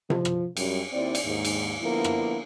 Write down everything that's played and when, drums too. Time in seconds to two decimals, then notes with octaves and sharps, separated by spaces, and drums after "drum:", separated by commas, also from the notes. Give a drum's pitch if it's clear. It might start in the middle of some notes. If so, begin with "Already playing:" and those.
0.10 F3, drum: tom C3
0.25 drum: rim click
0.57 F#2 G3, drum: cymbal
0.93 D#2 C4 E4 D5
1.15 drum: cymbal
1.24 D#2 G#2
1.45 drum: cymbal
1.80 D3 F3 A#3 B3 E4
2.04 drum: rim click